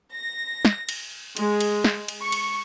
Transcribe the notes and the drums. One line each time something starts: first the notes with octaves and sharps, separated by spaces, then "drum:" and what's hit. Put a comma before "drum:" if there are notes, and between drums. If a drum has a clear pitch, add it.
A#6
drum: snare
drum: cymbal
G#3, drum: cymbal
drum: cymbal
drum: snare
drum: cymbal
C#6
drum: cymbal